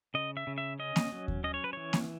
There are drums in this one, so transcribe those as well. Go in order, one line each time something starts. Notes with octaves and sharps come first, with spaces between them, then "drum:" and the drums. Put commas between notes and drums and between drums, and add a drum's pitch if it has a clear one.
C#3 D#5
E5
C#3
E5
C#4 D#5
drum: snare A#3
F#3
drum: kick D#2
C#4 D#5
C#5
B4
E3 C#5
drum: snare A#3